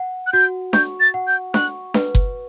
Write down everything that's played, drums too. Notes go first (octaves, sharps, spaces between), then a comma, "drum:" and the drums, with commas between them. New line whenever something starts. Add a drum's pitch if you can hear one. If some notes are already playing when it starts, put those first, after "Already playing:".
Already playing: F#5
F#6
F#4 G6
C#6 G6, drum: snare D4
A6
F#5
G6
C#6 F#6, drum: snare D4
B4, drum: snare D4
drum: kick F#1